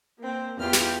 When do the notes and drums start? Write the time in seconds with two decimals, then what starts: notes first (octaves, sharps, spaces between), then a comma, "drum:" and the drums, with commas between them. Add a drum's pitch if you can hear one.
0.19 A#3 C4
0.58 E2 F4 G4 F6
0.73 drum: snare